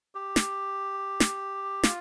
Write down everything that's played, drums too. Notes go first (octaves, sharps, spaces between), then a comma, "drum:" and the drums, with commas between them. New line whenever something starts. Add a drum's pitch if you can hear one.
G4
drum: snare
drum: snare
F4, drum: snare